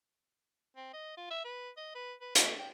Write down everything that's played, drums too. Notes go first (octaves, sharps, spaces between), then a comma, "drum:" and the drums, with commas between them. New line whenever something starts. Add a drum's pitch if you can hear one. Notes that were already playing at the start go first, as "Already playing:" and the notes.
C4
D#5
F4
E5
B4
D#5
B4
B4
A3, drum: hi-hat
G5